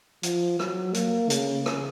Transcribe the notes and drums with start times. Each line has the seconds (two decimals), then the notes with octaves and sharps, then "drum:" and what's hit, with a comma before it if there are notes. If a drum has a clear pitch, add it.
0.23 F3, drum: hi-hat
0.59 F#3, drum: rim click
0.94 A#3, drum: hi-hat
1.30 C#3, drum: hi-hat
1.66 drum: rim click